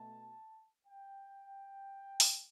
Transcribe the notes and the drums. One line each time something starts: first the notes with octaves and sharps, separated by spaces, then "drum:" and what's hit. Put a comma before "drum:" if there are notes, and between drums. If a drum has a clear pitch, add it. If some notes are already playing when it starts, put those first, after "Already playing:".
Already playing: B2 A3 A5
G5
drum: open hi-hat